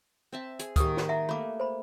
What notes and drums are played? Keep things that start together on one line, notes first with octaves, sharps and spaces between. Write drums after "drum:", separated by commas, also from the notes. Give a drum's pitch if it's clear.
C4 E5 A5
G#4, drum: hi-hat
D#3 A#3 G4 D#6, drum: kick, hi-hat
drum: snare
E5 F#5 A#5
A3 A#3 B5 D6
C5 B5